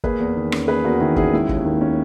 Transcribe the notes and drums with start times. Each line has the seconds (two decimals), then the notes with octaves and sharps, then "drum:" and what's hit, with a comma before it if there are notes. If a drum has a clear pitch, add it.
0.04 A#3 G#4 B4, drum: kick
0.20 E2
0.36 D#3
0.52 C#4, drum: rim click
0.68 A#3 G#4 B4
0.84 E2 F#4 A#4
1.00 D#3 E4 G#4
1.16 C#4 E4 G#4, drum: kick
1.33 G#3 E4
1.49 D#2, drum: kick
1.65 D#3
1.81 C#4